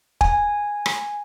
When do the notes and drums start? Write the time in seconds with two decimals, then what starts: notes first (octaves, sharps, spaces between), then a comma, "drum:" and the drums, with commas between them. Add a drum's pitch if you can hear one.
0.21 G#5, drum: kick
0.86 drum: rim click